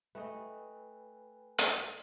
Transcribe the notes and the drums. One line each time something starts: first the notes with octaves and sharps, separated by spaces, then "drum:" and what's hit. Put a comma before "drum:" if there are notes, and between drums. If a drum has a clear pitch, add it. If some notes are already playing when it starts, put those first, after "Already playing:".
A3 B4 D#5 G5 G#5
drum: hi-hat